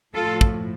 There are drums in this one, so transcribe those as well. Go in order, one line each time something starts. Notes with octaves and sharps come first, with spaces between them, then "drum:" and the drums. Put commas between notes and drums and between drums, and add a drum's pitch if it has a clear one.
A2 F3 F4 A4
drum: kick